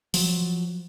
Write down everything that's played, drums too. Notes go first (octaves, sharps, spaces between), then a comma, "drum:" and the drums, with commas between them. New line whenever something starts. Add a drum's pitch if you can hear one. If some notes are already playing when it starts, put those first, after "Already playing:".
F3 F#3, drum: open hi-hat